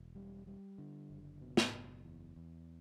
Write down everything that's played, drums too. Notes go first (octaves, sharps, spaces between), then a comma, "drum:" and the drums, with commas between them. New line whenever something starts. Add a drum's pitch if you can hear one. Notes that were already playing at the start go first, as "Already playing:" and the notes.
Already playing: E1
G3
G3
D3
F#1
B2
drum: snare
F#1
E2
E2